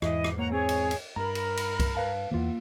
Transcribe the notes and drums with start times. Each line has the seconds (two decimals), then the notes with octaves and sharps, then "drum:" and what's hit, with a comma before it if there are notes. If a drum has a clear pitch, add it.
0.02 E2 G#2 E3 E4 D#5, drum: rim click
0.24 drum: rim click
0.38 A#3 C#5 F#5 A#5
0.52 C4 G#4 C#5
0.69 drum: cymbal
0.91 drum: cymbal
1.16 G2 A#4 A#5 B5
1.35 drum: cymbal
1.57 drum: cymbal
1.80 drum: kick C2, cymbal
1.95 B4 F5 A5
2.31 E2 E3 A#3 F4